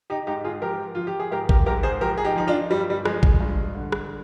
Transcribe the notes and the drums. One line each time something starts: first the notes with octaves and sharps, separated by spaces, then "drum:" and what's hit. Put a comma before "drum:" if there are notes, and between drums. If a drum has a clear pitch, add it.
D#4 G4
G#2 D#4 G4
F4 G#4
F3 G4 A#4
F3 F4
G4
G#4
G#2 G4 A#4
G4 A#4, drum: kick G#1
G#2 G4 A#4
G#4 C5
F3 G4 A#4
G#4
D#4 G4
F3 D#4
D4 F4
G2 G3
G3
F3 G#3, drum: rim click
drum: kick G#1
G2
D3
drum: rim click